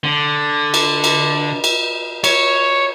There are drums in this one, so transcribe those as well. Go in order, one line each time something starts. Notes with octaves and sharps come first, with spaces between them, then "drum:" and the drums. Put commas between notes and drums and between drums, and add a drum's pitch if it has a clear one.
D3
drum: cymbal
drum: cymbal
drum: cymbal
C#5, drum: cymbal